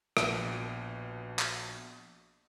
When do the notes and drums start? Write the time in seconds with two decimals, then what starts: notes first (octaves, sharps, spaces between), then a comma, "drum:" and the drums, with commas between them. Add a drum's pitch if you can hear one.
0.17 A#1 B2 D#7, drum: rim click
1.39 drum: clap